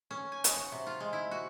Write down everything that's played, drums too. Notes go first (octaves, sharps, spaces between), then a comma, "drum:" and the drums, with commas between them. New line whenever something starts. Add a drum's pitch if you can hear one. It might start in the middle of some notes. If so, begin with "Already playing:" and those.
C#4
G#5
G#4, drum: hi-hat
F#4
C3
F4
G#3
E4
F#4